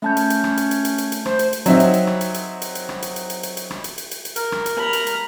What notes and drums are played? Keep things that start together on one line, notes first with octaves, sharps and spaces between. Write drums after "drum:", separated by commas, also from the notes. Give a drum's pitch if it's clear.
A3 C#4 A5 G6
drum: hi-hat
drum: hi-hat
drum: rim click
drum: hi-hat
drum: hi-hat
drum: hi-hat
drum: hi-hat
drum: hi-hat
C5, drum: rim click
drum: hi-hat
drum: hi-hat
F#3 C4 D#4 E5, drum: hi-hat
drum: hi-hat
drum: hi-hat
drum: rim click
drum: hi-hat
drum: hi-hat
drum: hi-hat
drum: hi-hat
drum: rim click
drum: hi-hat
drum: hi-hat
drum: hi-hat
drum: hi-hat
drum: hi-hat
drum: rim click
drum: hi-hat
drum: hi-hat
drum: hi-hat
drum: hi-hat
A#4, drum: hi-hat
drum: rim click
drum: hi-hat
A#5 B5
drum: hi-hat
drum: hi-hat